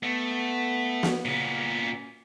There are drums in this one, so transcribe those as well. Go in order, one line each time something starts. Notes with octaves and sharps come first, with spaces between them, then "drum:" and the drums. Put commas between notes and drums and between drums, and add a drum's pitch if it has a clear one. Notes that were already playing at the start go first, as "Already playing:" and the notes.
A3 B3
drum: snare
A#2 C#3 B3
F#2 A#3 C#4